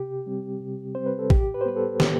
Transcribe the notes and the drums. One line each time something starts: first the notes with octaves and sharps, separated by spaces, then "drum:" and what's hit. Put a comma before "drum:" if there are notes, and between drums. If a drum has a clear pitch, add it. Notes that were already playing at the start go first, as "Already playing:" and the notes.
Already playing: C3 G4
G3 C4
C3
G3 C4 C5
B4
A4
A2 G4, drum: kick
B4
C5
G3 B3 B4
A4
A2 G4, drum: snare